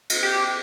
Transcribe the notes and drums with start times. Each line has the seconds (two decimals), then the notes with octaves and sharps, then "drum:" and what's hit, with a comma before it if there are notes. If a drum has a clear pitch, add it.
0.10 drum: cymbal
0.23 G4